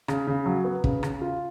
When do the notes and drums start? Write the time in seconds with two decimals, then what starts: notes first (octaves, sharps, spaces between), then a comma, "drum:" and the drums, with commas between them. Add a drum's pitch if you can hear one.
0.08 C#3, drum: rim click
0.27 C#3
0.46 F#3
0.65 B3
0.84 C#3, drum: kick
1.03 C#3, drum: rim click
1.21 F4